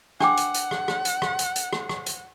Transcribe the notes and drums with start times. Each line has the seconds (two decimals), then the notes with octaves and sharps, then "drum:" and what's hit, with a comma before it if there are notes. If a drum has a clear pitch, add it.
0.21 D4 F#5 G5 D6, drum: rim click
0.37 drum: hi-hat
0.54 drum: hi-hat
0.71 drum: rim click
0.88 drum: rim click
1.05 drum: hi-hat
1.22 drum: rim click
1.39 drum: hi-hat
1.56 drum: hi-hat
1.73 drum: rim click
1.89 drum: rim click
2.06 drum: hi-hat